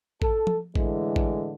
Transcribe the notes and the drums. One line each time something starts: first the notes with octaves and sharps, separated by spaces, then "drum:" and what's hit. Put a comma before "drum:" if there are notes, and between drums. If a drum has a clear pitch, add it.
A4, drum: kick A1
drum: tom F3
A2 D3 E3 G#3, drum: kick A1
drum: kick A1